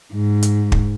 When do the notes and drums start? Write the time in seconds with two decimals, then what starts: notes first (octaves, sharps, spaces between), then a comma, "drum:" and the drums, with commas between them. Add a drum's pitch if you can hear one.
0.13 G#2
0.42 drum: hi-hat
0.72 drum: kick